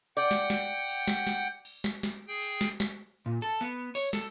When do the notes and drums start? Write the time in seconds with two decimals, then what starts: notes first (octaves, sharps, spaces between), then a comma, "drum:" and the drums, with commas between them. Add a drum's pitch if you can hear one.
0.17 D5 F#5 G5 G6
0.31 drum: snare
0.50 drum: snare
0.88 drum: cymbal
1.08 drum: snare
1.27 drum: snare
1.65 drum: cymbal
1.84 drum: snare
2.03 drum: snare
2.27 G#4 G5
2.42 drum: cymbal
2.61 drum: snare
2.80 drum: snare
3.26 A#2
3.42 A4
3.61 B3
3.95 C#5, drum: cymbal
4.13 A4, drum: snare